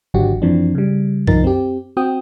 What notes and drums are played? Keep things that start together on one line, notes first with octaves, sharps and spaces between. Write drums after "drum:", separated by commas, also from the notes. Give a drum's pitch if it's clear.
G#1 D3 F#3 F#4 G4
F#2 E3 F3 C4 D4
C#3 G3
C2 F3 D#4 A#4 A6, drum: tom F#2
C4 G4
C4 F#4 G5 D#6